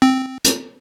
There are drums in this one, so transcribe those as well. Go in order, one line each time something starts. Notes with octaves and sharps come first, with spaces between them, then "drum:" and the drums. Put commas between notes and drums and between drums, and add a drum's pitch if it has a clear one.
C4
drum: hi-hat